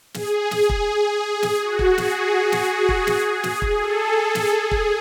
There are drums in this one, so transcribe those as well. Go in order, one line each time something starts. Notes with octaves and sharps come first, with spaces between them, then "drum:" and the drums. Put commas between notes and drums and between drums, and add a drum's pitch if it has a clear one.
G#4, drum: snare
drum: snare
drum: kick
drum: snare
F#4
drum: kick
G#4, drum: snare
drum: snare
drum: kick
drum: snare
drum: snare
drum: kick
A4
drum: snare
G#4
drum: kick